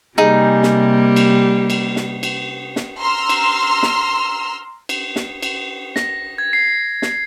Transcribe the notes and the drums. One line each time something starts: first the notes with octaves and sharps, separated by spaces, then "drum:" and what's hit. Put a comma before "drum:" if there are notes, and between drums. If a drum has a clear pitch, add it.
C3 G3 A#3 D#4 G#4
drum: snare
drum: cymbal
drum: cymbal
drum: snare
drum: cymbal
drum: snare
A#5 C6 E6 F6
drum: cymbal
drum: snare
drum: cymbal
drum: snare
drum: cymbal
A#6, drum: snare
G#6
C7
drum: snare